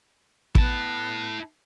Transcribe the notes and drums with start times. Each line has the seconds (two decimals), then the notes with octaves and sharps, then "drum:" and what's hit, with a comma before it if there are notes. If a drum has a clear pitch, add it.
0.55 B3 E4 A5, drum: kick